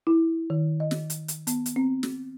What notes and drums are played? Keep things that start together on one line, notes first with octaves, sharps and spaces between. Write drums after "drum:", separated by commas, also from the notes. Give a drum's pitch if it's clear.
E4
D#3
D#5
drum: snare
drum: hi-hat
drum: hi-hat
B3, drum: hi-hat
drum: hi-hat
C4
drum: snare